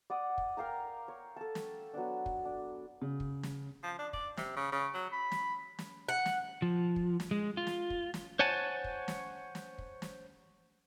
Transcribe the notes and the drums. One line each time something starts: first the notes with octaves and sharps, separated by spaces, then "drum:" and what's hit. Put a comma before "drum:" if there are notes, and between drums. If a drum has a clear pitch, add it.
D5 F#5 D6 D#6
drum: kick
A#4 F5 G5 A#5
C#5
A4 A5
drum: snare
F#3 B3 D4
drum: kick
D4
C#3
drum: kick
drum: snare
F3
D4
D5, drum: kick
C3, drum: snare
C#3
C#3
F#3
B5
drum: snare
drum: snare
F#5
drum: snare
F3
drum: kick
drum: snare
G#3
F4
drum: snare
drum: kick
drum: snare
C5 C#5 F#5 G#5 A5
drum: kick
drum: snare
drum: snare
drum: kick
drum: snare